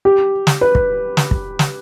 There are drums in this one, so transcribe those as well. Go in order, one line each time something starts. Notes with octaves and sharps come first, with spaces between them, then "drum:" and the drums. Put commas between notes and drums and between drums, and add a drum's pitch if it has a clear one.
G4
drum: snare
B4
drum: kick
drum: snare
drum: kick
drum: snare